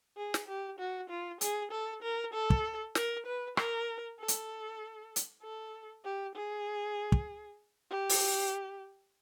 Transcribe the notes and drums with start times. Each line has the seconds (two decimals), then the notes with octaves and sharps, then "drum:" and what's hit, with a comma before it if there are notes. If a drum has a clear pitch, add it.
0.17 G#4
0.34 drum: snare
0.47 G4
0.79 F#4
1.10 F4
1.41 G#4, drum: hi-hat
1.72 A4
2.03 A#4
2.34 A4
2.50 drum: kick
2.95 A#4, drum: snare
3.26 B4
3.57 A#4, drum: rim click
4.19 A4
4.28 drum: hi-hat
5.16 drum: hi-hat
5.43 A4
6.04 G4
6.35 G#4
7.12 drum: kick
7.90 G4
8.09 drum: open hi-hat